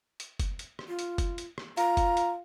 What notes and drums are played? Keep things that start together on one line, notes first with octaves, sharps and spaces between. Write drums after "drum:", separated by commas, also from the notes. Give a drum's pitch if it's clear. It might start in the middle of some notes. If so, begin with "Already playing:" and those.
drum: hi-hat
drum: kick, hi-hat
drum: hi-hat
drum: rim click
F4
drum: hi-hat
drum: kick, hi-hat
drum: hi-hat
drum: rim click
F4 A#5, drum: hi-hat
drum: kick, hi-hat
drum: hi-hat